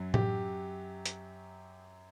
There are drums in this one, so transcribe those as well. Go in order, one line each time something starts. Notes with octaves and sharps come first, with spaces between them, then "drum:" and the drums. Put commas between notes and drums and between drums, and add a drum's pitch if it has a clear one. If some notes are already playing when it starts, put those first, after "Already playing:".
Already playing: F#2 F#3
G4, drum: tom A2
drum: hi-hat